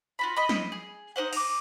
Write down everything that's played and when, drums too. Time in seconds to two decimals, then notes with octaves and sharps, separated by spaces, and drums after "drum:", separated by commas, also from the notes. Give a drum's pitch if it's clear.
0.19 F4 F#4 B5
0.37 D#5 B5
0.49 drum: snare
0.72 G#4
1.16 D#4 B4 C5 F#5
1.33 A#5 D6, drum: cymbal